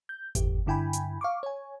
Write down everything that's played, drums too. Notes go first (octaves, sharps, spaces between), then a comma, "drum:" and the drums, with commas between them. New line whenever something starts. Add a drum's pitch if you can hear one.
G6
A1 E2 G4, drum: kick G1, hi-hat
G2 D3 E4 G5 G#5 B5
drum: hi-hat
F5 C#6 D6
C#5 G#5